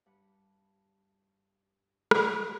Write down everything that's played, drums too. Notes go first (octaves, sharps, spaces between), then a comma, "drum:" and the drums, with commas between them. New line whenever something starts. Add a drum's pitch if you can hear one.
G2 F#5 B5
drum: rim click